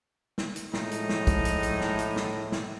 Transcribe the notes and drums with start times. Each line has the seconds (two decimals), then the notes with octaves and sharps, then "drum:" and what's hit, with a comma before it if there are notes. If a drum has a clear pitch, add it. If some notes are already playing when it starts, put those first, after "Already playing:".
0.38 drum: snare
0.56 drum: hi-hat
0.74 A2 F3 G#3 D#4, drum: snare
0.91 drum: hi-hat
1.09 drum: snare
1.27 drum: kick, hi-hat
1.45 drum: hi-hat
1.63 drum: hi-hat
1.81 drum: snare
1.99 drum: hi-hat
2.16 drum: snare
2.52 drum: snare